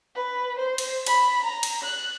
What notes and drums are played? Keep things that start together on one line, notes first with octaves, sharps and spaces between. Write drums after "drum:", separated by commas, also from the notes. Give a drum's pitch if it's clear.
B4
C5
drum: cymbal
B5, drum: cymbal
A#5
drum: cymbal
F#6